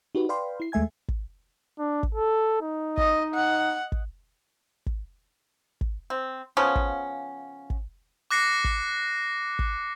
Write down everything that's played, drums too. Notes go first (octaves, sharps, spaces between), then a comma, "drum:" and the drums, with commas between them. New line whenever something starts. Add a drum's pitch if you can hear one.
D#4 F#4 G4 B4
B4 D5 F5 G5 B5 C6
E4 C7
D#2 G#3 A3 E5 G#5 G#6
drum: kick
D4
drum: kick
A4
D#4
D#5, drum: kick
F#5
drum: kick
drum: kick
drum: kick
C4
C#3 F3 B3 C#4
drum: kick
drum: kick
D6 F#6 A#6 C7 C#7
drum: kick
drum: kick